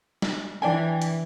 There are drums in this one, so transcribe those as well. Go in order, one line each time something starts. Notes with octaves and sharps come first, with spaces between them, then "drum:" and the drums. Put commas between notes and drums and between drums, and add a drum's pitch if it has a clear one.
drum: snare
E3 D4 G5 G#5
drum: hi-hat